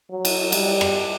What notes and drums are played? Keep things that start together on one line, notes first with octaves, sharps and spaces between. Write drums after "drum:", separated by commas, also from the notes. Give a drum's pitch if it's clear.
F#3
drum: cymbal
G3, drum: cymbal
drum: rim click